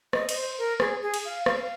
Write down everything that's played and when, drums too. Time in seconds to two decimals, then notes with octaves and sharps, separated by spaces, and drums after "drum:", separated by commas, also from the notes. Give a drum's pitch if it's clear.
0.13 D#5, drum: rim click
0.29 D#5, drum: cymbal
0.35 C5
0.58 A#4
0.80 G#4, drum: rim click
1.02 G#4
1.14 drum: cymbal
1.25 F5
1.46 F5, drum: rim click